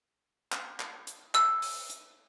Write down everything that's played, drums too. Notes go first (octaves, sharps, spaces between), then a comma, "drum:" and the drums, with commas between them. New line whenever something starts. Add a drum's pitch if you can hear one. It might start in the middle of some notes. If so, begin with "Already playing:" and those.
drum: clap
drum: clap
drum: hi-hat
E6, drum: clap
drum: open hi-hat
drum: hi-hat